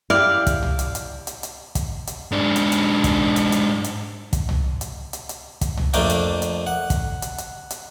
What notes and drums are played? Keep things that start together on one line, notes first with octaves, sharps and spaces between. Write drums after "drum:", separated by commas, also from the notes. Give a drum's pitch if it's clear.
E4 G4 D5 F5
drum: kick, hi-hat
drum: tom
drum: hi-hat
drum: hi-hat
drum: hi-hat
drum: hi-hat
drum: kick, hi-hat
drum: hi-hat
G#2 D4
drum: hi-hat
drum: hi-hat
drum: kick, hi-hat
drum: hi-hat
drum: hi-hat
drum: hi-hat
drum: kick, hi-hat
drum: tom
drum: hi-hat
drum: hi-hat
drum: hi-hat
drum: kick, hi-hat
drum: tom
F2 A3 A#3 D4 G5, drum: hi-hat
drum: hi-hat
drum: hi-hat
F#5
drum: kick, hi-hat
drum: hi-hat
drum: hi-hat
drum: hi-hat